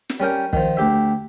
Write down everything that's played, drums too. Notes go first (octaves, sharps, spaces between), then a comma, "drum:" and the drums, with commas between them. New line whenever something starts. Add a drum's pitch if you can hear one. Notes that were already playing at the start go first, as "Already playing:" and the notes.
drum: snare
G3 C#4 A#4 G5
D#3 F3, drum: kick
D2 G4 E5